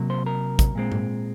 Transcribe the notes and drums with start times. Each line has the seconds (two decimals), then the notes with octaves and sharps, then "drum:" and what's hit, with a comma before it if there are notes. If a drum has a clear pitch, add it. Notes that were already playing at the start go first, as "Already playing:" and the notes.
Already playing: C3 F#3 A#3
0.10 C5
0.26 A#4
0.59 drum: kick, hi-hat
0.75 A#2 G#3 C4
0.92 drum: tom G#2